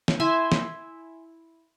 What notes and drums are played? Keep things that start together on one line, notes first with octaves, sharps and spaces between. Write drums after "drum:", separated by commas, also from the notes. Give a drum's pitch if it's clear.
drum: snare
E4 E5 G#5 C6
drum: snare